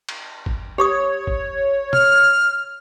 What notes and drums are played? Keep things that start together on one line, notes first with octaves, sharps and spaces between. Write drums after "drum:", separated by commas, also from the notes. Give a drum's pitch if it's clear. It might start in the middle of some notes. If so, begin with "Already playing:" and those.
drum: cymbal
drum: kick G#1
G4 C#5 C#6 D#6
drum: kick G#1
F6, drum: tom